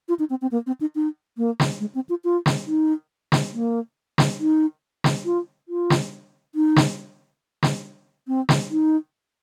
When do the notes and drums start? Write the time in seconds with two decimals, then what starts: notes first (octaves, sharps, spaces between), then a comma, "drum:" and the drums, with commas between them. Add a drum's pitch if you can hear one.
0.09 F4
0.19 D#4
0.30 C4
0.42 C4
0.52 A#3
0.67 C4
0.81 D#4
0.95 D#4
1.37 A#3
1.60 drum: snare
1.81 G#3
1.95 C4
2.09 F4
2.24 F4
2.46 drum: snare
2.67 D#4
3.32 drum: snare
3.53 A#3
4.18 drum: snare
4.40 D#4
5.04 drum: snare
5.25 F4
5.69 F4
5.90 drum: snare
6.55 D#4
6.76 drum: snare
7.63 drum: snare
8.28 C4
8.49 drum: snare
8.71 D#4